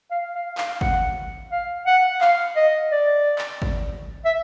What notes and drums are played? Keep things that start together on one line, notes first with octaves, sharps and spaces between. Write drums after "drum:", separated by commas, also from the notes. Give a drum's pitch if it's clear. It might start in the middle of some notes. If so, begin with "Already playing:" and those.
F5
F5
F5, drum: clap
F#5, drum: kick G#1
F5
F#5
F5, drum: clap
D#5
D5
drum: clap
drum: kick G#1
E5